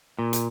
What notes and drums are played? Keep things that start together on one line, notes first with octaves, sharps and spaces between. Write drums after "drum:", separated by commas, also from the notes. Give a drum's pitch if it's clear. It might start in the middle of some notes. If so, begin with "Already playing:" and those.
A#2
drum: hi-hat